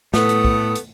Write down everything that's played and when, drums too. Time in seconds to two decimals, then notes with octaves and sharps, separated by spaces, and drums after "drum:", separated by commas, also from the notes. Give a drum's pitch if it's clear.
0.14 A2 A3 B3 D#6, drum: snare
0.29 drum: hi-hat
0.45 drum: kick
0.75 drum: hi-hat